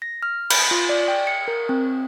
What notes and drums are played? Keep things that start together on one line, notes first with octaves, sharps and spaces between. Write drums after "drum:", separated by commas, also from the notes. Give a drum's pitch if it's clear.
A#6
F6
B5, drum: cymbal
F4
D5
G5
C#7
A#4
C4